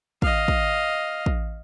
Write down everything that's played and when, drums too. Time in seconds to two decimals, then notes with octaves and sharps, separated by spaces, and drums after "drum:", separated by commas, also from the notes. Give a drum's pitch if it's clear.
0.22 D#5 F5, drum: kick
0.48 drum: kick
1.26 drum: kick